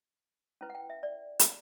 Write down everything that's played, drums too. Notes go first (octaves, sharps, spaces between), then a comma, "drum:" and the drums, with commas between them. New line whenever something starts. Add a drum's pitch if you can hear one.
C#4 E4 B4
F#5
G5
E5
D5
drum: hi-hat